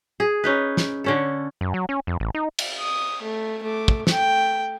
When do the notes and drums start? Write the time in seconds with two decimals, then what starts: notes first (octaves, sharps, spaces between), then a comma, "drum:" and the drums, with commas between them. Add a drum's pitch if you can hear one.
0.20 G#4
0.44 C#4 D#4 B4
0.77 drum: snare
1.04 D3 C#4 A4
1.61 F#2
1.74 F#3
1.89 C#4
2.07 F2
2.20 A1
2.34 D#4
2.59 drum: cymbal
2.80 D#6
3.22 A3
3.63 A3 D6
3.88 drum: kick
4.07 A3 G5, drum: snare